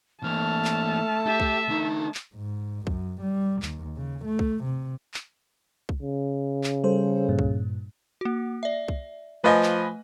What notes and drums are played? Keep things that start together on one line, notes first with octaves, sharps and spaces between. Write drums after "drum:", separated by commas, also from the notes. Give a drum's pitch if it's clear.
E3 A3 A#3 A5 F6
drum: clap
G4 E5 G5
drum: kick B1
D3 D#4
drum: clap
G#2
F#2, drum: kick B1
G3
D#2, drum: clap
C#3
A3
drum: kick B1
C3
drum: clap
drum: kick B1
C#3
drum: clap
G3 A4 C5
G2 A#2
drum: kick B1
A#3 F#4
D5 E5
drum: kick B1
F3 A3 B4 D#5 G#5
drum: clap